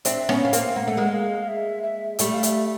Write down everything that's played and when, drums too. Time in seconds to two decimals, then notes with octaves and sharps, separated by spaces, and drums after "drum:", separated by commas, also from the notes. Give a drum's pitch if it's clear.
0.05 C4 D4 E5, drum: hi-hat
0.29 B3 C#4, drum: rim click
0.42 B3 F5
0.53 A#3 C4, drum: hi-hat
0.76 A#3 F#5
0.88 A3
0.97 G#3 A#3
1.13 F5
1.48 E5
1.83 E5
2.19 G3 A3 E5, drum: hi-hat
2.34 F5
2.43 E5, drum: hi-hat